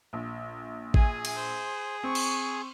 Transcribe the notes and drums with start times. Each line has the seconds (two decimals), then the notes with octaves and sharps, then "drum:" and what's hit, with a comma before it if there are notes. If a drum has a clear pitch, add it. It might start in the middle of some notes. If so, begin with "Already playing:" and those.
0.13 A#1
0.94 G#4 G#5, drum: kick A1
1.25 drum: cymbal
1.36 C5
2.03 C4 C#6
2.15 drum: cymbal